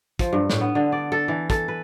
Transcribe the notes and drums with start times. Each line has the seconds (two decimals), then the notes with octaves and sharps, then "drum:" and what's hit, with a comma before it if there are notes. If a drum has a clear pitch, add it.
0.19 F3, drum: kick, hi-hat
0.33 G2
0.50 A2, drum: snare
0.61 B3
0.75 D3
0.92 D5
1.12 A4
1.28 E3
1.50 A4, drum: kick, hi-hat
1.68 B4